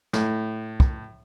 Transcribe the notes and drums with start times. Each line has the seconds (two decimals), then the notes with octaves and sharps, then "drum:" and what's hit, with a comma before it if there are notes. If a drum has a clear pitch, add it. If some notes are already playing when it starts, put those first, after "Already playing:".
0.13 A2, drum: snare
0.80 drum: kick